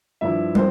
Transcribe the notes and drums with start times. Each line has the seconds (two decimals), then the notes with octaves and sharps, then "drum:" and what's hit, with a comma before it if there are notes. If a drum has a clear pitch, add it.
0.21 G2 F3 E4 E5
0.55 C4 C5, drum: tom